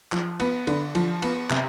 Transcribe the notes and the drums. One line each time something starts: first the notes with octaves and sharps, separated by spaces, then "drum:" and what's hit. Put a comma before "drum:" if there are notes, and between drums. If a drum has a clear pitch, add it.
F3, drum: clap
B3, drum: cymbal
D3, drum: cymbal
F3, drum: cymbal
B3, drum: cymbal
C3, drum: clap